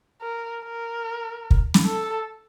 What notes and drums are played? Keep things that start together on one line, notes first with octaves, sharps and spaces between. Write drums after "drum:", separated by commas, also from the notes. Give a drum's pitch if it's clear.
A#4
A#4
drum: kick
drum: snare
A4